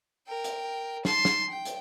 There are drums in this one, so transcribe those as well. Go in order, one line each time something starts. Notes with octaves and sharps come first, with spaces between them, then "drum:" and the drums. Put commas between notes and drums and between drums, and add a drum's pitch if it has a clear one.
A#4 G5
drum: hi-hat
A5 C6, drum: snare
drum: snare
G5
drum: hi-hat